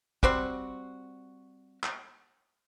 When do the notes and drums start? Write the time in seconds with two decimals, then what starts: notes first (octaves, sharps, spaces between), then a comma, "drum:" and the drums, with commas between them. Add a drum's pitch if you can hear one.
0.23 G3 C4 F#4, drum: kick
1.84 drum: clap